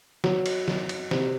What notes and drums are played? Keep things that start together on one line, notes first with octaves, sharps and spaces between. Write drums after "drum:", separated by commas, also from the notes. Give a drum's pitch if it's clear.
F#3, drum: snare
drum: cymbal
F#3, drum: snare
drum: cymbal
C3, drum: snare